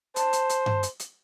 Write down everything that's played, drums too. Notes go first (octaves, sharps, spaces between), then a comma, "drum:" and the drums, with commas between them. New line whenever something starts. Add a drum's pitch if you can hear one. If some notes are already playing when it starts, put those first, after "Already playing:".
C5 A5, drum: hi-hat
drum: hi-hat
drum: hi-hat
drum: tom G2
drum: hi-hat
drum: hi-hat